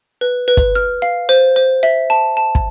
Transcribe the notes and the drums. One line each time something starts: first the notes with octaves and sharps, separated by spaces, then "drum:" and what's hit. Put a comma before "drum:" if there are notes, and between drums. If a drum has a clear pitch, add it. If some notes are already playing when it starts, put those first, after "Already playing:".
B4
B4
drum: kick
F6
F5
C5
C5
E5
A5
A5
drum: kick